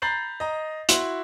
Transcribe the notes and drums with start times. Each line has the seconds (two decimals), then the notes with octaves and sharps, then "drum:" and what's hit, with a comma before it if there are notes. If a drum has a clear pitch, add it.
0.02 A#5 B5 G6 A6 C7 F#7
0.40 D#5 A#5
0.89 E4 F#4 C6 F#7, drum: hi-hat